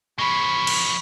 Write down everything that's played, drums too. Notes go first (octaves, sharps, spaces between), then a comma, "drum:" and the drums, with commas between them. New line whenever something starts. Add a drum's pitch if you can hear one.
F3 G#3 B5 C#6
drum: cymbal